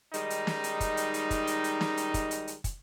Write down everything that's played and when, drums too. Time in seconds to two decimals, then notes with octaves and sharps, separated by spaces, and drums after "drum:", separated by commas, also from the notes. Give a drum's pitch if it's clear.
0.14 D#3 G3 G#3 D#4, drum: hi-hat
0.30 drum: hi-hat
0.47 drum: snare
0.64 drum: hi-hat
0.80 drum: kick, hi-hat
0.97 drum: hi-hat
1.14 drum: hi-hat
1.31 drum: kick, hi-hat
1.47 drum: hi-hat
1.64 drum: hi-hat
1.81 drum: snare
1.97 drum: hi-hat
2.14 drum: kick, hi-hat
2.31 drum: hi-hat
2.47 drum: hi-hat
2.64 drum: kick, hi-hat